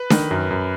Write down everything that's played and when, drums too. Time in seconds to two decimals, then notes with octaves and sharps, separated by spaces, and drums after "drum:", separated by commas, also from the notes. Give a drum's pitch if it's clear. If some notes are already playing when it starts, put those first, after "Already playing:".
Already playing: B4
0.10 D#3, drum: snare D4
0.31 F#2
0.51 F#2